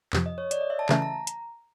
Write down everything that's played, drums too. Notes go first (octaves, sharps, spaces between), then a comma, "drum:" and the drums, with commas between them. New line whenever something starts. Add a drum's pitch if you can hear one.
F2 C3 F3, drum: clap
D#5
C#5
D5, drum: hi-hat
D#5
E5
A5
C#3 E3 A3 C#4 A#5, drum: clap
A#5
drum: hi-hat